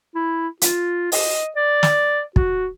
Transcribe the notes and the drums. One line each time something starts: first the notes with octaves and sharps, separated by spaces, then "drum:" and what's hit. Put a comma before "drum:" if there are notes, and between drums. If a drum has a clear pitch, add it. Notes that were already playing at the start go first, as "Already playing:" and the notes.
E4
F4, drum: hi-hat
D#5, drum: open hi-hat
D5
drum: snare
F#4, drum: kick